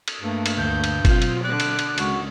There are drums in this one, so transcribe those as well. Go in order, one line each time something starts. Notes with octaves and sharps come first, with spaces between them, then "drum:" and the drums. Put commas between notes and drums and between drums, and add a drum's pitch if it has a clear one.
drum: cymbal
G2 A3 A#3
drum: cymbal
D2 G6
drum: cymbal
B2 F#3 C4 F4, drum: kick, cymbal
drum: cymbal
D3 D5 F#6
drum: cymbal
drum: cymbal
C#2 F#4, drum: cymbal